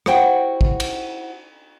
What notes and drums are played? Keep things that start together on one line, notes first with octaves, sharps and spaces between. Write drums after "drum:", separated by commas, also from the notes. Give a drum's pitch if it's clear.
E4 F#4 G4 C5 F#5 G5, drum: rim click
drum: kick
drum: cymbal